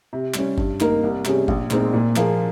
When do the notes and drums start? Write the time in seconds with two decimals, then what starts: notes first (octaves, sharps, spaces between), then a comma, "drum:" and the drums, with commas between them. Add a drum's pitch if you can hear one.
0.13 C3
0.34 G3 C#4, drum: clap
0.58 G2, drum: kick G1
0.80 D#3 A#3 D#4 A#4, drum: clap
1.03 C2
1.25 C3 G3 C#4 G#4, drum: clap
1.48 A#1, drum: kick G1
1.71 A#2 G#3 C4 D#4, drum: clap
1.93 A#2
2.16 F3 A#3 F4 G#4, drum: clap